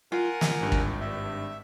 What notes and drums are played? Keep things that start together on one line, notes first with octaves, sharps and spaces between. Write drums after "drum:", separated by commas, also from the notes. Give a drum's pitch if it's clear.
F4 A#4 F#5 G#5
drum: snare
G#1 G2
drum: kick
E5